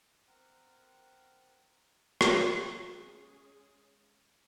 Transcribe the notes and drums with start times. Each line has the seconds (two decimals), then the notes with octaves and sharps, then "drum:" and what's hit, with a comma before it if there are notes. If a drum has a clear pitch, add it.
0.28 C4 A#4 F#5
2.21 drum: rim click
2.57 G#3 C#4 G#4